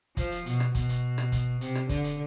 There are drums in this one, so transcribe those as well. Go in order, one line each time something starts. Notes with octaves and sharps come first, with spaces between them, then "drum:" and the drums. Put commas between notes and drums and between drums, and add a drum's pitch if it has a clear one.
F3, drum: kick, hi-hat
drum: hi-hat
B2, drum: hi-hat
drum: rim click
B2, drum: kick, hi-hat
drum: hi-hat
drum: rim click
drum: kick, hi-hat
C3, drum: hi-hat
drum: rim click
D3, drum: kick, hi-hat
drum: hi-hat